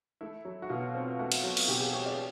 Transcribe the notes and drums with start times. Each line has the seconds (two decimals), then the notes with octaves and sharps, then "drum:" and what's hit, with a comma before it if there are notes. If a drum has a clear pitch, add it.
0.21 A3 E4
0.45 F#3
0.62 F#4
0.69 B2 F4
0.95 C4
1.19 A3 F#4
1.32 drum: cymbal
1.43 F#3
1.57 drum: cymbal
1.68 B2 G4
1.80 G#4
1.93 C4 C#5
2.05 D5